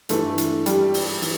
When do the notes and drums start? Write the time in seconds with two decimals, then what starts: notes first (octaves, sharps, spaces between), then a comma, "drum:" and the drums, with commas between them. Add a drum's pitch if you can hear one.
0.09 G2 E3 A3, drum: hi-hat
0.38 drum: hi-hat
0.66 G3, drum: hi-hat
0.94 drum: open hi-hat
1.22 E3, drum: open hi-hat